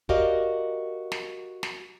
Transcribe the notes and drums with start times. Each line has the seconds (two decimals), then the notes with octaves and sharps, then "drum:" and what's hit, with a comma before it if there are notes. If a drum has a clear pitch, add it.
0.09 F#4 G4 A#4 D5 D#5 F5, drum: kick
1.12 drum: snare
1.63 drum: snare